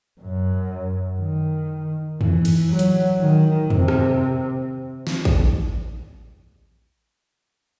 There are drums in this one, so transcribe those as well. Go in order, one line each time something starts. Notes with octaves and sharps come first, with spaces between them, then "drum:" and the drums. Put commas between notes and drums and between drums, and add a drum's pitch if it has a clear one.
F#2
D#3
E3, drum: tom E2
drum: cymbal
F#3
drum: hi-hat
D#3
C3, drum: tom E2
drum: rim click
drum: snare
drum: kick